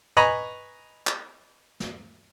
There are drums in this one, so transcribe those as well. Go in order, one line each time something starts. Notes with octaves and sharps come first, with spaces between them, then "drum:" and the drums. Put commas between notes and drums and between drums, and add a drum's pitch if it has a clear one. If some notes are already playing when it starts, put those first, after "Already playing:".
B4 D#5 G#5 A#5 B5 C#6, drum: tom
drum: clap
drum: snare